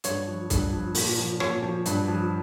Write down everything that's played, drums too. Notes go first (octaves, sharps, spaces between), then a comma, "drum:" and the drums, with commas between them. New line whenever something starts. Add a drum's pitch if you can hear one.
G2 C#5, drum: hi-hat
F3
G2, drum: kick C2, hi-hat
F3
A#2, drum: open hi-hat
F3
A#2 C#5, drum: rim click
F3
G2, drum: hi-hat
F3